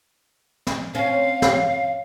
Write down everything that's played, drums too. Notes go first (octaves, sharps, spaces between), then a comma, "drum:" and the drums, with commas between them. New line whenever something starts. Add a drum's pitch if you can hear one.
drum: snare
C4 C#4 F5
drum: snare